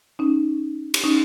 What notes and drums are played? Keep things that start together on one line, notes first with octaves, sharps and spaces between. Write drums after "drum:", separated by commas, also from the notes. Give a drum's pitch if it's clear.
C#4 D#4
drum: cymbal
C#4 D#4